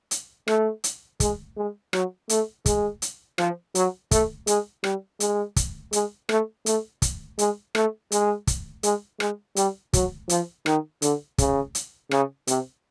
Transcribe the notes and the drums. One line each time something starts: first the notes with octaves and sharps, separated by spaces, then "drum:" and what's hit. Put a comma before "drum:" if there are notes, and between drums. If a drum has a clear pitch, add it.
drum: hi-hat
A3, drum: rim click
drum: hi-hat
G#3, drum: kick, hi-hat
G#3
F#3, drum: rim click
A3, drum: hi-hat
G#3, drum: kick, hi-hat
drum: hi-hat
F3, drum: rim click
F#3, drum: hi-hat
A3, drum: kick, hi-hat
G#3, drum: hi-hat
G3, drum: rim click
G#3, drum: hi-hat
drum: kick, hi-hat
G#3, drum: hi-hat
A3, drum: rim click
A3, drum: hi-hat
drum: kick, hi-hat
G#3, drum: hi-hat
A3, drum: rim click
G#3, drum: hi-hat
drum: kick, hi-hat
G#3, drum: hi-hat
G#3, drum: rim click
G3, drum: hi-hat
F#3, drum: kick, hi-hat
F3, drum: hi-hat
D#3, drum: rim click
D3, drum: hi-hat
C#3, drum: kick, hi-hat
drum: hi-hat
C#3, drum: rim click
C3, drum: hi-hat